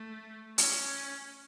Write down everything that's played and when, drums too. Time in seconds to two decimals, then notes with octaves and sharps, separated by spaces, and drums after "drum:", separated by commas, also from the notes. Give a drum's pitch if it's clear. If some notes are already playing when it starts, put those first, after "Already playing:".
Already playing: A3
0.58 C#4, drum: hi-hat